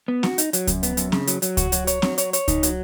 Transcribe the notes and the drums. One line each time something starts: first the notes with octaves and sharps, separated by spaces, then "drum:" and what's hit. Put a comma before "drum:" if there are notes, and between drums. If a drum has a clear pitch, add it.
B3
F#4, drum: snare C4
D#4, drum: hi-hat
F#3, drum: hi-hat
F#2, drum: kick C#2, hi-hat
B3, drum: hi-hat
F#2, drum: hi-hat
C#3, drum: snare C4
F#3, drum: hi-hat
F#3, drum: hi-hat
F#4, drum: kick C#2, hi-hat
F#3, drum: hi-hat
C#5, drum: hi-hat
F#3, drum: snare C4
C#5, drum: hi-hat
C#5, drum: hi-hat
D#4, drum: kick C#2, hi-hat
F#3, drum: hi-hat